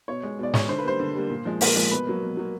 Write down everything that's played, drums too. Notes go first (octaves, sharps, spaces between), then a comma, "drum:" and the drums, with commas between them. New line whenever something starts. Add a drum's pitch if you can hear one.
B2 C#5
G#3
B2 D5
G#3 C#5, drum: snare
D3 C5
B4
G3 A#3 C5
D3
G3 A#3
A#2
F3 G#3
A#2 A#4, drum: open hi-hat
F3 G#3
B2 B4
F#3 A#3
B2
F#3 A#3